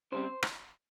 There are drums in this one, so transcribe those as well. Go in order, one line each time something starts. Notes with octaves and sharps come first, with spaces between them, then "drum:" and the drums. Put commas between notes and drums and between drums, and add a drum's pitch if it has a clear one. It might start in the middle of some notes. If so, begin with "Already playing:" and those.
C#3 G3 C4 C5
drum: rim click